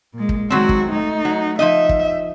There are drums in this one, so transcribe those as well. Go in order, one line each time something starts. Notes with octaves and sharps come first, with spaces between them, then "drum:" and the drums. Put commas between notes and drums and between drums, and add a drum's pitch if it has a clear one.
A#2 G#3
drum: kick
D#3 F#3 G#3 C4 F#4
drum: kick
A3 D#4
F#3
F3 D#4 D#5 E5
drum: kick